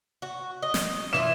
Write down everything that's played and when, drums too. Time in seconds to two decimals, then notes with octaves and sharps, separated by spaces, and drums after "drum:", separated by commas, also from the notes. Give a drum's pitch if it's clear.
0.22 F#4
0.62 D#5
0.74 drum: snare
1.13 E3 E4 F4 E7